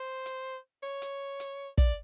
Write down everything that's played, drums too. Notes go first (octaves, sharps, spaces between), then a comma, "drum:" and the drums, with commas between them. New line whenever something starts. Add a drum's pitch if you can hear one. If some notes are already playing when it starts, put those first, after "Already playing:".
Already playing: C5
drum: hi-hat
C#5
drum: hi-hat
drum: hi-hat
D5, drum: kick, hi-hat